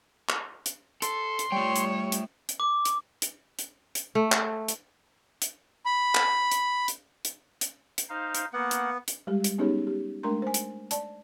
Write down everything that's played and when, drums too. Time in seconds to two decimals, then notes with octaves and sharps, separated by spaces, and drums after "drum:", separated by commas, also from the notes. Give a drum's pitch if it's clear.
0.29 drum: clap
0.66 drum: hi-hat
1.02 A4 C6, drum: hi-hat
1.39 drum: hi-hat
1.52 G3 A3 C#5 G5
1.76 drum: hi-hat
2.12 drum: hi-hat
2.49 drum: hi-hat
2.60 D6
2.85 drum: hi-hat
3.22 drum: hi-hat
3.59 drum: hi-hat
3.95 drum: hi-hat
4.15 A3
4.32 drum: clap
4.68 drum: hi-hat
5.42 drum: hi-hat
5.86 B5
6.15 drum: clap
6.52 drum: hi-hat
6.88 drum: hi-hat
7.25 drum: hi-hat
7.61 drum: hi-hat
7.98 drum: hi-hat
8.09 D#4 C5 F5
8.35 drum: hi-hat
8.53 A#3 B3 F#5
8.71 drum: hi-hat
9.08 drum: hi-hat
9.27 G3 G#3 G4
9.44 drum: hi-hat
9.58 B3 C#4 D#4 G4 G#4 C#5
9.87 G4
10.23 G#3 A3 D4 A#4 A#5 C6
10.42 C5 G#5
10.54 drum: hi-hat
10.91 D5 A5, drum: hi-hat